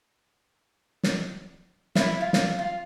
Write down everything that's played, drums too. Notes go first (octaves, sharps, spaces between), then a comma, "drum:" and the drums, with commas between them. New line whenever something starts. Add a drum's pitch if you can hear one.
drum: snare
E4, drum: snare
F4
drum: snare
F4